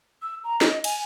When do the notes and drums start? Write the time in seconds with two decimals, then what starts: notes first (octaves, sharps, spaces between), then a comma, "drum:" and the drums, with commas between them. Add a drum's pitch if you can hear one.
0.22 E6
0.44 A#5
0.61 D#5, drum: snare
0.84 G#5, drum: cymbal